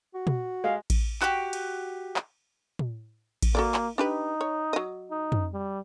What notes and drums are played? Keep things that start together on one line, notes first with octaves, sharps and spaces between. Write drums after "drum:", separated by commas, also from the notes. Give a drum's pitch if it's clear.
F#4
drum: tom
G#3 F5
drum: kick A1, cymbal
F#4 G4, drum: clap
drum: cymbal
drum: clap
drum: tom
drum: kick A1, cymbal
A#3 F#4 A4 D5
drum: clap
D4 D#4 G4 B4
C#5
F#3 D#5
D#4
drum: tom
G3